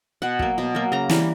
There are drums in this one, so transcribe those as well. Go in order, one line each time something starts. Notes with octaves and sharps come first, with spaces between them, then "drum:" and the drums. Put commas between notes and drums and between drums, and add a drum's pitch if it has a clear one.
B2 F#5
F#3 A#3, drum: kick
B2
F#3 A#3
C#3 A#5
E3 G3 C#4, drum: snare